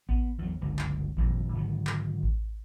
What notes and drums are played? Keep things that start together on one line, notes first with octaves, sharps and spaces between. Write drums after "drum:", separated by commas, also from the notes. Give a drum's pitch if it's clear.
B3, drum: kick A1
E2 F#3
G1 C#2 F#2 D3
drum: clap
D#1 F2 A#2, drum: kick A1
G#2 D3 D#3 F#3
drum: clap
drum: kick A1